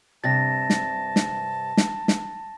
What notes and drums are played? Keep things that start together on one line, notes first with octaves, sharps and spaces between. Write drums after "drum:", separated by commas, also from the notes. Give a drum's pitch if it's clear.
G2 C3 A5 A6 A#6
drum: snare
drum: snare
drum: snare
drum: snare